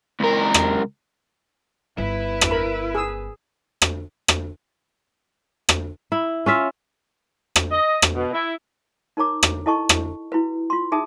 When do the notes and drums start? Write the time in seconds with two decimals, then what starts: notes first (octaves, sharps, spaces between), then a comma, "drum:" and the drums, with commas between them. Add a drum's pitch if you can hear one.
0.20 C#2 A#4
0.54 drum: rim click
1.98 G1 E4 B4
2.41 drum: rim click
2.51 A#4 B5
2.95 G#4 E6
3.82 drum: rim click
4.28 drum: rim click
5.69 drum: rim click
6.12 E4
6.46 C#4 F4 E5
7.56 drum: rim click
7.72 D#5
8.02 drum: rim click
8.15 B2
8.33 E4
9.17 D#4 A#4 C#5 A#5 D6
9.43 drum: rim click
9.66 E4 A4 D#5 A5 C#6
9.89 drum: rim click
10.32 E4 F#4 B4
10.70 F4 C6
10.92 D#4 G#4 E5 A5 D#6